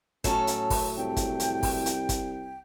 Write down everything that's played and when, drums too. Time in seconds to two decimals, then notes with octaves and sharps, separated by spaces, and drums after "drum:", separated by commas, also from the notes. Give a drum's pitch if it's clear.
0.24 A2 F#3 C#4 A4, drum: kick, hi-hat
0.47 drum: hi-hat
0.70 drum: kick, open hi-hat
0.97 C2 G5
1.16 drum: kick, hi-hat
1.40 drum: hi-hat
1.63 drum: kick, open hi-hat
1.86 drum: hi-hat
2.09 drum: kick, hi-hat